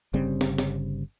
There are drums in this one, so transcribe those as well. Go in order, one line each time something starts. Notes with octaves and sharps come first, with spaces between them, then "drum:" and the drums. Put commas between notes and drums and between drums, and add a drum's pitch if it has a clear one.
G1 C#3 G3 C4
drum: snare
drum: snare